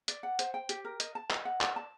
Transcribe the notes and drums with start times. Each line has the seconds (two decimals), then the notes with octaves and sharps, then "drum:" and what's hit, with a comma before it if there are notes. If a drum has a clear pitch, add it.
0.08 D5, drum: hi-hat
0.23 F#5
0.39 C5, drum: hi-hat
0.54 G5
0.69 G4, drum: hi-hat
0.85 A#4
1.00 D#5, drum: hi-hat
1.15 A5
1.31 D#5, drum: clap
1.45 F#5
1.61 D5, drum: clap
1.76 A5